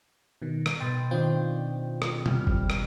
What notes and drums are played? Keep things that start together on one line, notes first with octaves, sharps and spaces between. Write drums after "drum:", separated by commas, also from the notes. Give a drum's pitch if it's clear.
B2 D#3
drum: rim click
B2 G5 C6 A6
D#3 C4 D4 F4 G5
drum: rim click
G3 F6, drum: tom B2
drum: kick G1
drum: rim click